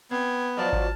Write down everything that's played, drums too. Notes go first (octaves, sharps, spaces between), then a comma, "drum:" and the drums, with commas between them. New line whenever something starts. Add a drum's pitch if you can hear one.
B3 C4 G5 G#6
F3 F#3 C5 D5 D#5 A5 F6
drum: kick G#1